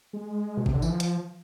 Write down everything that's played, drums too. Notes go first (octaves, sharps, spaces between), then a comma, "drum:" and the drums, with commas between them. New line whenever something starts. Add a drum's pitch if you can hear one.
G#3
B2
C3, drum: kick A1
D3
E3, drum: tambourine
F3
drum: hi-hat